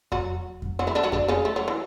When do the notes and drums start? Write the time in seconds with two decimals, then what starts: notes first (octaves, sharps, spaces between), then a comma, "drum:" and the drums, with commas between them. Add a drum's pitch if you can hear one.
0.12 F#3 F#4, drum: kick F2
0.62 drum: kick F2
0.79 F#3 F#4
0.87 E3 E4
0.95 D3 D4
1.03 F#3 F#4
1.12 D3 D4, drum: kick F2
1.28 C#3 C#4
1.45 A3
1.56 F#3
1.68 E3